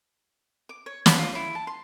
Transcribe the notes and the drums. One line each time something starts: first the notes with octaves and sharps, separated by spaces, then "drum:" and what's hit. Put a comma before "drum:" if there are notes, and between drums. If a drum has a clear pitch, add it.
D6
C#5
B4, drum: snare
F4
E4
A5
C6